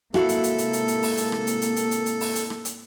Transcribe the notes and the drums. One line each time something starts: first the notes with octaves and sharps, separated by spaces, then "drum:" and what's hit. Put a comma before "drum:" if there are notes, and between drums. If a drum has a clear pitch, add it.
G#2 C3 A#3 E4 F#4 A4 F5, drum: rim click
drum: hi-hat
drum: hi-hat
drum: hi-hat
drum: hi-hat
drum: hi-hat
drum: open hi-hat
drum: hi-hat
drum: rim click
drum: hi-hat
drum: hi-hat
drum: hi-hat
drum: hi-hat
drum: hi-hat
drum: open hi-hat
drum: hi-hat
drum: rim click
drum: hi-hat